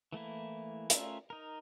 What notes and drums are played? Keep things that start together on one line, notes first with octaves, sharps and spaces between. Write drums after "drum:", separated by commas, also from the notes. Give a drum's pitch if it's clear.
E3 A3 A#3 E4
A3 C#4 F4 A#4 E5, drum: hi-hat
D#4 A#4